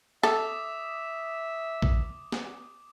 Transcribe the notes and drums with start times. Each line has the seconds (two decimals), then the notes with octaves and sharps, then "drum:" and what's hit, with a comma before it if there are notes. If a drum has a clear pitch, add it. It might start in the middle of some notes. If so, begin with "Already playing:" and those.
0.23 A4 E5 D6 D#6, drum: snare
1.82 drum: kick A#1
2.32 drum: snare